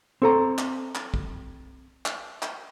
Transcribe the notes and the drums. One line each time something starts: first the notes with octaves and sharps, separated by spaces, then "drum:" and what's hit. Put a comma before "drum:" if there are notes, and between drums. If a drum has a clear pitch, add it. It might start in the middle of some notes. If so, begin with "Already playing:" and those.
C4 A4 A#5
drum: clap
drum: clap
drum: kick
drum: clap
drum: clap